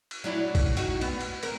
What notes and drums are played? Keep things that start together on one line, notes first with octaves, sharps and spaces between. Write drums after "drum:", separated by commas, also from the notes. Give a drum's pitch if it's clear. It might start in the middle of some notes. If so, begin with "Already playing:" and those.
drum: cymbal
F#3 D4 E4
drum: kick A#1, cymbal
D#4 F#4, drum: cymbal
B3, drum: cymbal
drum: cymbal
C4 A#4, drum: cymbal